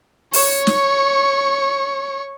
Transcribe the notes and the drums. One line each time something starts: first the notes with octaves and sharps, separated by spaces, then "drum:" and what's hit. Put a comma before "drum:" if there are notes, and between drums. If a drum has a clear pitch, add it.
C#5 C#6, drum: open hi-hat
drum: snare